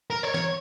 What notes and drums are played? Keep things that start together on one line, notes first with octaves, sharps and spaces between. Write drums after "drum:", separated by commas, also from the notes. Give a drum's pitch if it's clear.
A#4
C#5
C#5, drum: snare E3